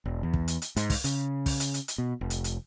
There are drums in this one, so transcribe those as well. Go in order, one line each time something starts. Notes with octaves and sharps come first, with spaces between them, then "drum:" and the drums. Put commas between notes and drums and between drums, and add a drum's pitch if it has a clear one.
E1
E2
drum: kick
drum: hi-hat
drum: hi-hat
G#2, drum: hi-hat
drum: kick, open hi-hat
C#3, drum: hi-hat
drum: kick, open hi-hat
drum: hi-hat
drum: hi-hat
drum: hi-hat
B2
F1
drum: hi-hat
drum: hi-hat